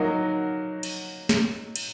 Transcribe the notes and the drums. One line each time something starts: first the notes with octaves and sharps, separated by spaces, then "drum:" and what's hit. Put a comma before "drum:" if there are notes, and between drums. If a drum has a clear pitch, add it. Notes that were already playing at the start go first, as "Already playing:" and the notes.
Already playing: F#3 A#3 D#4 F#4
drum: cymbal
drum: snare
drum: cymbal